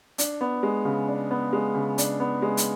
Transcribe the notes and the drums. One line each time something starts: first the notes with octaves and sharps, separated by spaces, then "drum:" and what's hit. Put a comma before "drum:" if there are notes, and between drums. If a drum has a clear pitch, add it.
D4, drum: hi-hat
B3
G#3
C#3
D4
B3
G#3
C#3
D4, drum: hi-hat
B3
G#3
drum: hi-hat